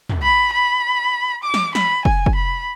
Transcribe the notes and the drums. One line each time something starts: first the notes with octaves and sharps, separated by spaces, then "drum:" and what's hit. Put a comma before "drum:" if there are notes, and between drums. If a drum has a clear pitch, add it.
drum: tom
B5
B5
D6
drum: snare
B5, drum: snare
G#5, drum: kick
drum: kick
B5